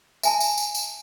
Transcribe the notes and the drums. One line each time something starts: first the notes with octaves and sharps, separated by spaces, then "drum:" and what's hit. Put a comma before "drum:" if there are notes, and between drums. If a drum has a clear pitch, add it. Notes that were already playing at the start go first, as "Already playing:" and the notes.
E5 G#5 A5, drum: tambourine
drum: tambourine
drum: tambourine
drum: tambourine